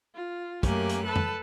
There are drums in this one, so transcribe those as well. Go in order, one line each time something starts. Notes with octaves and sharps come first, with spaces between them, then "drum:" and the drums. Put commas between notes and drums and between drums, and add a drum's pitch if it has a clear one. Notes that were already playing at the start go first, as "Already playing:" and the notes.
F4
F#2 A3 A#3 G4 G#5 F#6, drum: kick, hi-hat
drum: hi-hat
A4 B4 A5
drum: tom